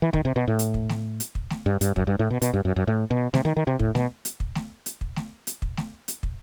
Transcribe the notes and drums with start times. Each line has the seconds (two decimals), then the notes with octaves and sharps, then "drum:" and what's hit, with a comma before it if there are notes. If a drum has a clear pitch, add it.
0.02 E3
0.13 D#3, drum: kick
0.25 C3
0.36 B2
0.48 A2
0.59 drum: hi-hat
0.74 drum: kick
0.89 drum: snare A3
1.20 drum: hi-hat
1.35 drum: kick
1.50 drum: snare A3
1.66 G2
1.81 G2, drum: hi-hat
1.96 F#2, drum: kick
2.07 G2
2.19 A2
2.31 B2
2.42 B2, drum: hi-hat
2.54 G2
2.65 F#2
2.76 F#2
2.87 A2
3.11 B2
3.34 C3, drum: snare A3
3.45 D#3
3.57 D#3
3.67 C3
3.79 A2, drum: kick
3.95 B2, drum: snare A3
4.25 drum: hi-hat
4.40 drum: kick
4.55 drum: snare A3
4.86 drum: hi-hat
5.01 drum: kick
5.16 drum: snare A3
5.47 drum: hi-hat
5.62 drum: kick
5.77 drum: snare A3
6.08 drum: hi-hat
6.23 drum: kick